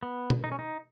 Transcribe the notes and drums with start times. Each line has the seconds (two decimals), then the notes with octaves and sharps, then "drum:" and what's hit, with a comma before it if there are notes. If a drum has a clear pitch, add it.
0.03 B3
0.30 drum: tom B2
0.44 D#4
0.52 C#4
0.59 D#4